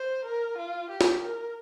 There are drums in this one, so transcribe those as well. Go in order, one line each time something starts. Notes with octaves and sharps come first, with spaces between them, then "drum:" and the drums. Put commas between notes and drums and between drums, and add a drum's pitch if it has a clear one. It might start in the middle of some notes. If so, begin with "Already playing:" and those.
Already playing: C5
A#4
F4
G4
drum: snare
A#4